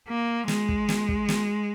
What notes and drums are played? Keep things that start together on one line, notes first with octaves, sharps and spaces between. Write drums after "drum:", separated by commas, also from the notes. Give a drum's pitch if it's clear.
A#3
G#3, drum: snare
drum: kick
drum: snare
drum: kick
drum: snare